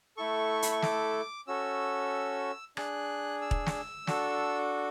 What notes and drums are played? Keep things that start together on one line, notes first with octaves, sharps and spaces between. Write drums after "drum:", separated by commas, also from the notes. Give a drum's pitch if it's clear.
A3 E4 A4 C#6
B5, drum: hi-hat
C#6
D6, drum: snare
C#4 F#4 A4 E6
D4 G#4 F#6, drum: rim click
E6
drum: kick
drum: snare
D4 F#4 A4, drum: snare